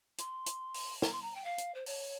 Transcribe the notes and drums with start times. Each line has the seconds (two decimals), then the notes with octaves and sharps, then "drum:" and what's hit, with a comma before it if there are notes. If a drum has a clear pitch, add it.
0.18 C6, drum: hi-hat
0.46 drum: hi-hat
0.74 drum: open hi-hat
1.02 A#5, drum: snare
1.12 C6
1.22 A#5
1.35 G5
1.44 F5
1.58 drum: hi-hat
1.74 C5
1.86 C#5, drum: open hi-hat